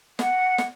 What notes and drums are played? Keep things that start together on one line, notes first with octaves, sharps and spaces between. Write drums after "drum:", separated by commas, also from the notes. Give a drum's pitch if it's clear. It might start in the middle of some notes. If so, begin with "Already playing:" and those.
F#5, drum: snare
drum: snare